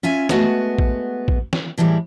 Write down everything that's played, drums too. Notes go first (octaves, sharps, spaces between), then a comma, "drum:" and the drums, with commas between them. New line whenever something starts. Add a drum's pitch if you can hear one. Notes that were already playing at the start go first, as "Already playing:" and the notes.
C#4 F4 E5 G#5
G#3 A3 B3 F#4, drum: snare
drum: kick
drum: kick
drum: snare
A2 E3 F3 G3 G#3